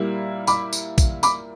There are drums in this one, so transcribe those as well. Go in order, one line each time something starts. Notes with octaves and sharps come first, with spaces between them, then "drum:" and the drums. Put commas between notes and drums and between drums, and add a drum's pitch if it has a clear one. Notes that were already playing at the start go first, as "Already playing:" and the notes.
Already playing: A#2 G3 A#3 E4
B5 D6, drum: tambourine
drum: tambourine
drum: kick, tambourine
B5 D6, drum: tambourine